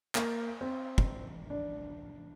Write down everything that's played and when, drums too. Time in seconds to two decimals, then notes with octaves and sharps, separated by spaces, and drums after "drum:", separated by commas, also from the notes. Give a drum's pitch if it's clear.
0.15 A#3, drum: clap
0.61 C4
0.98 drum: kick
1.50 D4